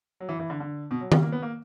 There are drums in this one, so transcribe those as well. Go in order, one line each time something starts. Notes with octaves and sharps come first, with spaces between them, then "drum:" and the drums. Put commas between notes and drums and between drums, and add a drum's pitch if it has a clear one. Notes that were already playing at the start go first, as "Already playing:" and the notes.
F#3
E3
E3
D3
D3
B2
F#3
G3, drum: tom D#3
A#3
B3
A#3